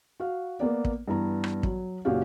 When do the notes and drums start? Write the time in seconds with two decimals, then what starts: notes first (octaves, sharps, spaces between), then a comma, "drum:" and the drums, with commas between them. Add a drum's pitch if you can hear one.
0.20 F#4 F5
0.60 A#3 B3 D5
0.85 drum: kick
1.08 G2 E3 B3 A#5
1.44 drum: rim click
1.63 F#3, drum: kick
2.05 F#1 A#2 C#4 F#4 G4 F5